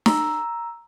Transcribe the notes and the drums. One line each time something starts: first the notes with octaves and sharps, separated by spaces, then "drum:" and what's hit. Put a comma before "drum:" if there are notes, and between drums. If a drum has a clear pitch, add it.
A#5 E6, drum: snare